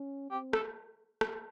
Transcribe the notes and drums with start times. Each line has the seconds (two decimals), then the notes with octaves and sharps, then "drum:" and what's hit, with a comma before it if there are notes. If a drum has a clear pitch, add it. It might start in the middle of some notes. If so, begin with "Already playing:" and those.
Already playing: C#4
0.31 C4 G4
0.53 A4, drum: rim click
1.21 drum: rim click